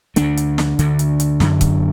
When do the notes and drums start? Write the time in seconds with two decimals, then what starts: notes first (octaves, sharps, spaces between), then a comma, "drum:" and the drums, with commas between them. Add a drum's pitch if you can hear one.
0.16 D2 D3 A3 D4, drum: hi-hat
0.37 drum: hi-hat
0.58 drum: snare
0.79 D2 D3, drum: hi-hat
0.99 drum: hi-hat
1.20 drum: hi-hat
1.40 F#2 D3, drum: snare
1.61 drum: kick C#1, hi-hat